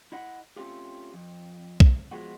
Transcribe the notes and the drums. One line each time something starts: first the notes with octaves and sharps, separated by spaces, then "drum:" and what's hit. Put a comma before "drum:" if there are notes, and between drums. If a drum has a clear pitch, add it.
E4 D#5 F#5
A3 C4 C#4 F4 G4
F2
drum: kick B1
F3 G#3 B3 F4 F#4